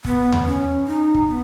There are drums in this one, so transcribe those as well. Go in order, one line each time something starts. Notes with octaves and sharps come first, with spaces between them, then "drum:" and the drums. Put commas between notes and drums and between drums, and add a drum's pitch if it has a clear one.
B3, drum: kick
drum: tom D#2
C#4
D#4
drum: kick
B3